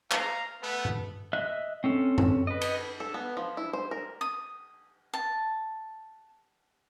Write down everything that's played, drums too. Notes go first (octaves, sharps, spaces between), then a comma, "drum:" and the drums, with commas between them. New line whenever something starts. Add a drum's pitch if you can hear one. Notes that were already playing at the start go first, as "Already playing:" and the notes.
F5 A#5, drum: clap
A3 B3
drum: tom G2
D#5 E5 F#6
C4 C#4 A4
drum: tom F#2
B4 D#5
drum: cymbal
A4
B3
F3
E4
C5
A#4
D#6
A5